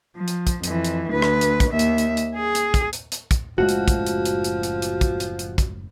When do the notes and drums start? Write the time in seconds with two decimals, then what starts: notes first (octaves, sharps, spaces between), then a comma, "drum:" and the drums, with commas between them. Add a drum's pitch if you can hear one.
0.17 F3
0.28 drum: hi-hat
0.47 drum: kick, hi-hat
0.64 F2 E3, drum: hi-hat
0.84 drum: hi-hat
1.12 D2 B4
1.22 drum: rim click
1.41 drum: hi-hat
1.60 drum: kick, hi-hat
1.70 D#2 E5
1.79 drum: hi-hat
1.98 drum: hi-hat
2.17 drum: hi-hat
2.36 G#4
2.55 drum: hi-hat
2.74 drum: kick, hi-hat
2.93 drum: hi-hat
3.12 drum: hi-hat
3.31 drum: kick, hi-hat
3.58 F#1 A2 F3 G#3 F#4
3.69 drum: hi-hat
3.88 drum: kick, hi-hat
4.07 drum: hi-hat
4.25 drum: hi-hat
4.44 drum: hi-hat
4.63 drum: hi-hat
4.82 drum: hi-hat
5.01 drum: kick, hi-hat
5.20 drum: hi-hat
5.39 drum: hi-hat
5.58 drum: kick, hi-hat